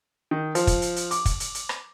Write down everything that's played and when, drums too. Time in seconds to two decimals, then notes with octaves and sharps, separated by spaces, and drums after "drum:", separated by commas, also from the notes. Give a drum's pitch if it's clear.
0.31 D#3
0.55 F3, drum: hi-hat
0.67 drum: kick, hi-hat
0.82 drum: hi-hat
0.96 drum: hi-hat
1.11 D6, drum: hi-hat
1.25 drum: kick, hi-hat
1.40 drum: hi-hat
1.55 drum: hi-hat
1.69 drum: rim click